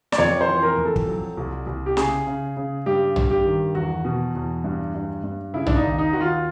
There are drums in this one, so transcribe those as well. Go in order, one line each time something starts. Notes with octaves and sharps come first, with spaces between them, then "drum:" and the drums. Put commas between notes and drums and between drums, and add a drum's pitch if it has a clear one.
D5, drum: snare
F2 C#5
C5
E3
A#4
F2
A4
drum: kick
F#3
C2
C2
G4
C#3 G#4, drum: snare
C#3
C#3
G2 G4
G2, drum: tom A#1
G4
D#3
E2 F#4
B2
E2
G2
G2
G2
C#3 E4
D4, drum: tom A#1
D#4
D#2
D#4
D#2 F#4
F4